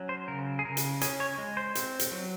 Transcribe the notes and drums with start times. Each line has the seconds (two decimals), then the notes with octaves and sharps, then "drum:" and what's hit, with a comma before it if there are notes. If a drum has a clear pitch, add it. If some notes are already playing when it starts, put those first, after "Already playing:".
Already playing: F#3 C#4
0.09 C5
0.28 C#3 A#4
0.59 G#4
0.65 C#3 A#4
0.77 drum: hi-hat
1.01 C#4 G#4, drum: hi-hat
1.20 C#5
1.38 G#3
1.57 C5
1.75 C4, drum: hi-hat
1.99 drum: hi-hat
2.11 F#3